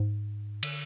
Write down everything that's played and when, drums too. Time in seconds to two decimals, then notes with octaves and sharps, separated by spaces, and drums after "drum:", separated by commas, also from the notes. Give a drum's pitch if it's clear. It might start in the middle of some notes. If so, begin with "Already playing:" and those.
Already playing: G#2
0.63 D3, drum: cymbal